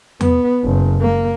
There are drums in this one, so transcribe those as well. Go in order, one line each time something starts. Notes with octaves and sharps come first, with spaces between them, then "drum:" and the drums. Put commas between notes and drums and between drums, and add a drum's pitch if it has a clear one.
B3, drum: tom E2
F#1
A#3